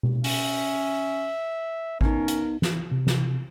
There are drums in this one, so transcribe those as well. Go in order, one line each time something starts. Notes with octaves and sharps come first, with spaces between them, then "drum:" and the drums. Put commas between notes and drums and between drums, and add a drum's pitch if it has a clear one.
drum: tom B2
C#4 E5, drum: open hi-hat
B3 C#4 D#4 A#4, drum: kick A1
drum: hi-hat
drum: snare
C3
drum: snare